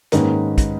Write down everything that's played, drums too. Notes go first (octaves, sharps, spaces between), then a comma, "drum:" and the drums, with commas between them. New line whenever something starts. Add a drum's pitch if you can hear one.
G#2 D#3 A#3 C#4 B4 D#5, drum: hi-hat
drum: kick, hi-hat